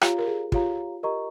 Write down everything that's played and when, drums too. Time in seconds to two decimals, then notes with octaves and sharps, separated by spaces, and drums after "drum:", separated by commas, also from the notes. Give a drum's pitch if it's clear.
0.01 F4 G4 C#5 F5 A#5, drum: rim click
0.19 A#4
0.27 G#4
0.52 F4 G4 C#5 F5 A#5, drum: kick
1.03 G4 A#4 D#5 A#5 C#6